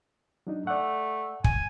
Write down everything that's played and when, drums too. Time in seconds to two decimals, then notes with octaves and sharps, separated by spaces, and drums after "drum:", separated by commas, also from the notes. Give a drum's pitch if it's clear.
0.47 F#3 D4 D#4
0.67 A3 D5 F#5
1.44 G#5, drum: kick